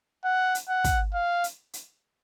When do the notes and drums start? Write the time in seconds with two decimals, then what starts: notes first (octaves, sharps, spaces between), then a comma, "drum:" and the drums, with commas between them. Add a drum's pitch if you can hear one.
0.25 F#5
0.55 drum: hi-hat
0.69 F#5
0.84 drum: kick, hi-hat
1.14 F5
1.44 drum: hi-hat
1.73 drum: hi-hat